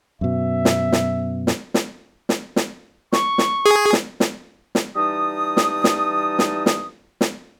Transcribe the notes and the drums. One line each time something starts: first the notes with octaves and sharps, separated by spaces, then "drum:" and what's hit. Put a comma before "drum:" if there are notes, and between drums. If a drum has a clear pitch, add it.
F#2 B2 E5
drum: snare
drum: snare
drum: snare
drum: snare
drum: snare
drum: snare
C#6, drum: snare
drum: snare
G#4
drum: snare
drum: snare
drum: snare
E3 G3 D#4 A5 D#6
drum: snare
drum: snare
drum: snare
drum: snare
drum: snare